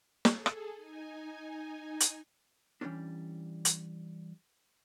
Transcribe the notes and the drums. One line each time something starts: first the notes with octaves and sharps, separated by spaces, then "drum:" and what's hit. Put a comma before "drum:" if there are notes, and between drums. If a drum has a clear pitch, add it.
G#4 A4, drum: snare
drum: rim click
D#4 G#5
drum: hi-hat
E3 F#3 G3 C#4 D4
drum: hi-hat